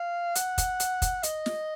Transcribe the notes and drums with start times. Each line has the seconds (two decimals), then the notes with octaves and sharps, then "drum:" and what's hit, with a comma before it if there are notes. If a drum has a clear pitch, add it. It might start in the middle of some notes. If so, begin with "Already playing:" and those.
Already playing: F5
0.35 F#5, drum: hi-hat
0.58 drum: kick, hi-hat
0.80 drum: hi-hat
1.02 drum: kick, hi-hat
1.23 D#5, drum: hi-hat
1.46 drum: snare